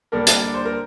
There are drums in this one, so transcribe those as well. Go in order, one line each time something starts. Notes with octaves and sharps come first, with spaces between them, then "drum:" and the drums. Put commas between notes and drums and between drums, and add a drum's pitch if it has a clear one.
D3 G3 A#3 D4 A#4
A#4, drum: hi-hat
D5
C5
A#4